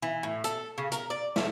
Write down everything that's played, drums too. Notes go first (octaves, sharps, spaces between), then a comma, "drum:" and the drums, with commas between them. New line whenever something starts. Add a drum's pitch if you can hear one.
E3
A2
A4, drum: hi-hat
C#3
A#4, drum: hi-hat
D5
A3, drum: snare